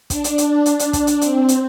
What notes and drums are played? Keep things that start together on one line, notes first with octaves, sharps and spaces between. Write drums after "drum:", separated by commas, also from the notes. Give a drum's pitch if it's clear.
D4, drum: kick, hi-hat
drum: hi-hat
drum: hi-hat
drum: hi-hat
drum: hi-hat
drum: kick, hi-hat
drum: hi-hat
C4, drum: hi-hat
drum: hi-hat